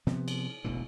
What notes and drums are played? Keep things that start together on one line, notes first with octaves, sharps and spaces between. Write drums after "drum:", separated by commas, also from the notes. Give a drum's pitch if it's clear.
C3 F3 B3, drum: snare
drum: cymbal
E1 A1 B2 D3